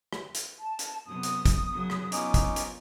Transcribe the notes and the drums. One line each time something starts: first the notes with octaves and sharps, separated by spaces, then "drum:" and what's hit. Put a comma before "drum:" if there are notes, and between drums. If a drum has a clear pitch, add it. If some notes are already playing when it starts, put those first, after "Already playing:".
drum: rim click
drum: hi-hat
A5
drum: hi-hat
F#2 C3 B3 D#6
drum: hi-hat
drum: kick, hi-hat
F#2 C#3 F#3
drum: rim click
B3 C#4 D#4 F4 D6, drum: hi-hat
drum: kick, hi-hat
drum: hi-hat